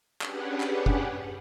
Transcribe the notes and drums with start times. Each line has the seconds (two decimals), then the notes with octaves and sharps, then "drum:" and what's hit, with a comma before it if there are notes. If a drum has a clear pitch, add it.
0.21 C#4 D4 G4 G#4 B4 F#5, drum: clap
0.60 drum: clap
0.86 drum: kick F#1